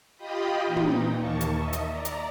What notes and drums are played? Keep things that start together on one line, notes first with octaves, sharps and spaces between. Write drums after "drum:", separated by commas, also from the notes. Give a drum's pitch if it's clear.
F4 G4 D#5 G5 B5 D#6
A#2 E3 D#4
drum: tom
D#2 A#3 A5 C#6
drum: hi-hat
D#5 E5
drum: hi-hat
D5 A#5
drum: hi-hat